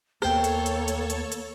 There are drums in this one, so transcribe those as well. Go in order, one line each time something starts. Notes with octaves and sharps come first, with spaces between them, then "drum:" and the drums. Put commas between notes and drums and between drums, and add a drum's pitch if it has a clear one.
D#2 A#3 B3 A4 C5 C#5 G5, drum: rim click
drum: hi-hat
drum: hi-hat
drum: hi-hat
drum: hi-hat
drum: hi-hat